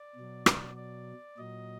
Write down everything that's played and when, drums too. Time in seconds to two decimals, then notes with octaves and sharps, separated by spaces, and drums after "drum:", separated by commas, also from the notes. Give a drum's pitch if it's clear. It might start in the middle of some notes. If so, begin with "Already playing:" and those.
Already playing: D5
0.15 B2 F#3
0.46 drum: rim click
0.76 D5
1.38 A#2 F#3 D#5